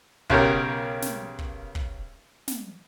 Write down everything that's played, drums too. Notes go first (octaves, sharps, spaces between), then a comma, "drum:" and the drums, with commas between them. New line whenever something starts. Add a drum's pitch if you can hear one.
B1 C#3 G4 A#4, drum: kick
drum: snare
drum: kick
drum: kick
drum: snare